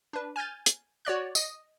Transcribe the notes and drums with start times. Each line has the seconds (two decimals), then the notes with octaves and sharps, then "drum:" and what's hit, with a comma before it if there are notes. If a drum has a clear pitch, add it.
0.13 D4 B4
0.36 G#5 F6 G6 A6
0.66 drum: hi-hat
1.05 F#4 C#5 D5 F#6
1.35 D#5 D#6, drum: tambourine